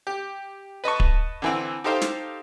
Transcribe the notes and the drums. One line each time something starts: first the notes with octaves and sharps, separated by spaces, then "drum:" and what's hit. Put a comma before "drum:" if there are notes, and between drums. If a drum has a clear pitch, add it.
G4
B4 D#5 A5 C#6
drum: kick D1
D3 E3 C4
D#4 G4 A4 C5 F5 G5
drum: snare